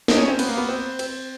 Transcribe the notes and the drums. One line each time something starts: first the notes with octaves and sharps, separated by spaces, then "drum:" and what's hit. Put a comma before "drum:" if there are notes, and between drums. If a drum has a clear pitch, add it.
D#4, drum: snare
C#4
C4
B3, drum: cymbal
A#3
B3
C4
C4, drum: cymbal